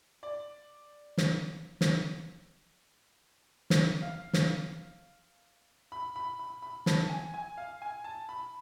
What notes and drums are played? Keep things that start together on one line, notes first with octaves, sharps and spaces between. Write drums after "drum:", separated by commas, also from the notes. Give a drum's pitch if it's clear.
D5
drum: snare
drum: snare
drum: snare
F5
drum: snare
B5
B5
B5
B5
A5, drum: snare
G#5
G#5
F5
G#5
A5
B5